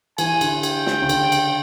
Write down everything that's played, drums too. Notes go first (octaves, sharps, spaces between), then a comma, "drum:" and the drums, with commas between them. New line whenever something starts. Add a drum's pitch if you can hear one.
E3 G#5, drum: cymbal
D3, drum: cymbal
G5, drum: cymbal
drum: snare
C#3
D3, drum: cymbal
drum: cymbal